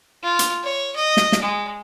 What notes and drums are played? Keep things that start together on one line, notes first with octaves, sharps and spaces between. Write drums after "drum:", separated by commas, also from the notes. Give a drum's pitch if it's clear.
F4
drum: hi-hat
C#5
D#5
drum: snare
drum: snare
G#3